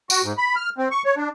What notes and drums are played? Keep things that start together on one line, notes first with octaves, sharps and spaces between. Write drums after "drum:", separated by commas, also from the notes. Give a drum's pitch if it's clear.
F#4, drum: tambourine
G#2
B5
F6
C4
C#6
C#5
D4